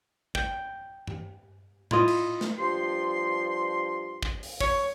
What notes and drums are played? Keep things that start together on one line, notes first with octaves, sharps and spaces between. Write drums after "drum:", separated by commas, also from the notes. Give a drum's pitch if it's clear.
G5, drum: kick
drum: tom G2
E4 F4 D#5, drum: tom A2
drum: cymbal
drum: snare
G2 F3 C6
drum: kick
drum: open hi-hat
C#5, drum: kick